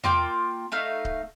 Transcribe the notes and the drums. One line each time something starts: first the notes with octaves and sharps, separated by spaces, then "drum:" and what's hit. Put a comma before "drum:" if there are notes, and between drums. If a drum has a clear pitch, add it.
A#3 F4 G5 D6, drum: tom E2
A3 D#4 F5
drum: kick C#1